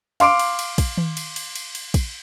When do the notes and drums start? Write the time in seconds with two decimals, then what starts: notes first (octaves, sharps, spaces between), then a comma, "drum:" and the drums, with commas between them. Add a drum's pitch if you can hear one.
0.20 F5 C6 D6 D7, drum: cymbal
0.39 drum: cymbal
0.59 drum: cymbal
0.78 drum: kick, cymbal
0.97 drum: tom D#3
1.17 drum: cymbal
1.36 drum: cymbal
1.55 drum: cymbal
1.75 drum: cymbal
1.94 drum: kick, cymbal